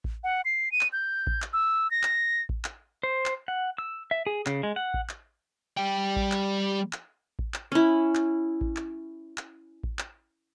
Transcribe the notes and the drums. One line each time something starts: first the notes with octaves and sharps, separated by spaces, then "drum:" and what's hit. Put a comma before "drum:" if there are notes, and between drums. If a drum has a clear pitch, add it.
drum: kick A1
F#5
C7
D#7
drum: clap
G6
drum: kick A1
drum: clap
E6
A#6
drum: clap
drum: kick A1
drum: clap
C5
drum: clap
F#5
E6
E5
G#4
C#3, drum: clap
G#3
F#5
drum: kick A1
drum: clap
G3 G5
drum: kick A1
drum: clap
drum: clap
drum: kick A1
drum: clap
C#4 E4
drum: clap
drum: kick A1
drum: clap
drum: clap
drum: kick A1
drum: clap